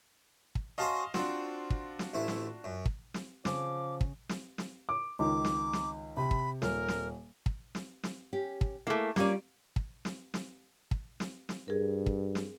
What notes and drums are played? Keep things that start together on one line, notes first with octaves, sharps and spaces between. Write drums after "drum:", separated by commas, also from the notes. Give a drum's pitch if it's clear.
drum: kick
C#4 F#4 C5 D#5 F5 A5
C4 D4 F4 F#4, drum: snare
drum: kick
drum: snare
A1 D2 E4
drum: snare
F#2
drum: kick
drum: snare
C#3 F3 D6, drum: snare
drum: kick
drum: snare
drum: snare
D6
C#2 D#3 D6
drum: snare
drum: snare
C3 B5
drum: kick
D#1 A#4, drum: snare
drum: snare
drum: kick
drum: snare
drum: snare
C#4 G4
drum: kick
A3 A#3 E4 G#4
G3 A#3 C#4 F4 D5, drum: snare
drum: kick
drum: snare
drum: snare
drum: kick
drum: snare
drum: snare
G2 G#4 A#4
drum: kick
drum: snare